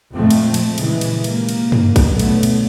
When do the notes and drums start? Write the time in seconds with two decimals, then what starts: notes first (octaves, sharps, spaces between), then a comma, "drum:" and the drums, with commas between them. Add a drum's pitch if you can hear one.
0.16 F2 A#2 F3 G#3 A3 C4
0.30 drum: cymbal
0.54 drum: cymbal
0.78 A#2 C#3 E3 G#3, drum: cymbal
1.01 drum: cymbal
1.24 C3 A#3, drum: cymbal
1.49 drum: cymbal
1.72 drum: tom
1.96 drum: kick, cymbal
2.09 B2 D3 F#3 A3 B3
2.19 drum: cymbal
2.43 drum: cymbal